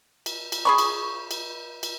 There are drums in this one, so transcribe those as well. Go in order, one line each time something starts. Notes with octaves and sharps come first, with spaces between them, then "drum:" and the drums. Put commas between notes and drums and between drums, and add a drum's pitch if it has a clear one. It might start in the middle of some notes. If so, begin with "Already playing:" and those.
drum: cymbal
drum: cymbal
G#4 B5 C#6
drum: cymbal
drum: cymbal
drum: cymbal